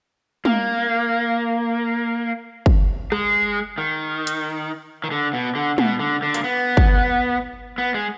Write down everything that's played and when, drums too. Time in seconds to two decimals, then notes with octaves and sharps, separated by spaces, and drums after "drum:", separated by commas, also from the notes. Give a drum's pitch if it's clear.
0.45 A#3, drum: tom
2.66 drum: kick
3.12 G#3, drum: rim click
3.78 D#3
4.27 drum: hi-hat
5.04 D#3
5.11 D3
5.33 B2
5.55 D3
5.78 B2, drum: tom
6.00 D3
6.23 D3
6.34 A#3, drum: hi-hat
6.44 B3
6.77 drum: kick
7.78 B3
7.94 G#3